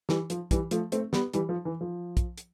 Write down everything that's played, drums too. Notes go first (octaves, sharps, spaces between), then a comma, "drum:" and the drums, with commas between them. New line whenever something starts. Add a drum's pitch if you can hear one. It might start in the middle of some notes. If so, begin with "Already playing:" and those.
E3 G3, drum: snare
F3, drum: hi-hat
E3 G3, drum: kick, hi-hat
F3 A3, drum: hi-hat
A3 C4, drum: hi-hat
G3 B3, drum: snare
E3 G3, drum: hi-hat
F3
E3
F3
drum: kick, hi-hat
drum: hi-hat